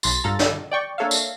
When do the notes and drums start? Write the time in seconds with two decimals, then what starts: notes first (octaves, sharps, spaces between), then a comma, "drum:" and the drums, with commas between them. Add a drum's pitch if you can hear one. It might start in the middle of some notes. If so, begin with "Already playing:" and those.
0.03 B1 C6 A6, drum: tambourine
0.24 G2 F4 A4 A#5 A6
0.39 drum: snare
0.71 D5 G5 C#6
0.98 A#3 D4 A4 C#5 E5 F5
1.11 drum: tambourine